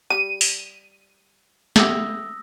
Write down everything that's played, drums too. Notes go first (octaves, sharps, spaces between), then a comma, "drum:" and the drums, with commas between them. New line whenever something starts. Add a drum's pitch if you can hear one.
G3 D#7
drum: open hi-hat
A3 B3 G4 D#6 E6 A#6, drum: snare